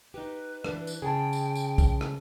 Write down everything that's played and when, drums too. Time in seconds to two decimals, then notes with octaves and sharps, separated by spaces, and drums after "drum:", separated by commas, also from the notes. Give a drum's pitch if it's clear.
0.14 D#4 G4 B4
0.65 E3 G3 D4, drum: rim click
0.87 drum: tambourine
1.02 C#3 G#4 G5 A5
1.33 drum: tambourine
1.56 drum: tambourine
1.78 drum: kick, tambourine
2.01 drum: rim click